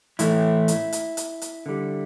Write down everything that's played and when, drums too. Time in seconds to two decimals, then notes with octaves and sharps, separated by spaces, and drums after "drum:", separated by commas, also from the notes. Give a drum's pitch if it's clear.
0.19 A2 E3 A3 E4, drum: hi-hat
0.68 drum: hi-hat
0.92 drum: hi-hat
1.17 drum: hi-hat
1.42 drum: hi-hat
1.66 D3 G3